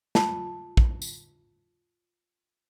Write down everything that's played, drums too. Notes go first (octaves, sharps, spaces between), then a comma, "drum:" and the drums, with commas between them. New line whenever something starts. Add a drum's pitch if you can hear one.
F4 A5, drum: snare
drum: kick
drum: tambourine